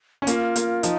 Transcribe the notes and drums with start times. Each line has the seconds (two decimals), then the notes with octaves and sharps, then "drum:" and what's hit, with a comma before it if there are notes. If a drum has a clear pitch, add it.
0.22 C#4
0.27 A#3 F4, drum: hi-hat
0.56 A#3, drum: hi-hat
0.83 F3 D#4, drum: hi-hat